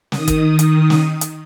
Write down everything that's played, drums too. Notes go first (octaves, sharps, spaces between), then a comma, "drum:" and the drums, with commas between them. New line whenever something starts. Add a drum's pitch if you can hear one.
D#3 D#6, drum: snare
drum: kick, hi-hat
drum: hi-hat
drum: snare
drum: hi-hat